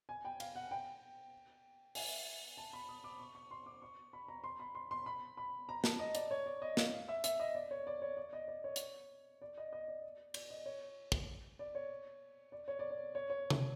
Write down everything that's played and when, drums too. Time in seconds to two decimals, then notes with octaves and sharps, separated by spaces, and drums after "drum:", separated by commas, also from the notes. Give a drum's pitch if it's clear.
0.09 G#5
0.25 G5
0.40 F5, drum: cymbal
0.55 F#5
0.71 G5
1.95 G#5, drum: open hi-hat
2.57 A5
2.73 B5
2.89 D#6
3.04 D6
3.20 C#6
3.35 C#6
3.51 C6
3.66 D6
3.82 C#6
4.13 B5
4.28 A#5
4.44 C6
4.60 B5
4.75 C6
4.91 C6
5.06 B5
5.37 B5
5.69 A#5
5.84 A5, drum: snare
5.99 D#5
6.15 D5, drum: hi-hat
6.31 C#5
6.46 D5
6.62 D#5
6.77 F5, drum: snare
6.93 F5
7.08 E5
7.24 E5, drum: hi-hat
7.40 D#5
7.55 D5
7.71 C#5
7.87 D5
8.02 C#5
8.17 D5
8.33 D#5
8.48 D5
8.64 C#5
8.76 drum: hi-hat
9.42 D5
9.58 D#5
9.73 D#5
9.88 D5
10.34 D5, drum: cymbal
10.50 D#5
10.66 C#5
11.12 drum: kick
11.59 D5
11.75 C#5
12.52 D5
12.68 C#5
12.79 D5
12.90 C#5
13.15 C#5
13.30 C#5
13.50 drum: tom C3